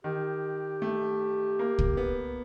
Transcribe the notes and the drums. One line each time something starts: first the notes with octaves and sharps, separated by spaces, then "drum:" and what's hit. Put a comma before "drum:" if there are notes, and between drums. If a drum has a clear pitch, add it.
D#3 G4
A3
A#3
drum: kick
B3